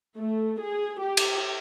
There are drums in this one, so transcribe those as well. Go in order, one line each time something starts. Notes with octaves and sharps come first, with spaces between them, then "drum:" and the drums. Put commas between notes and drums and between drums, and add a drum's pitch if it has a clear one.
A3
G#4
G4
drum: cymbal